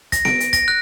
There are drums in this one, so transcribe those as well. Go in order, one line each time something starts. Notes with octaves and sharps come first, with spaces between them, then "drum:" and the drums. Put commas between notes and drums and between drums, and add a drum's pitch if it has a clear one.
A#6, drum: kick, hi-hat
D7, drum: snare B3
drum: hi-hat
A#6, drum: kick, hi-hat
F#6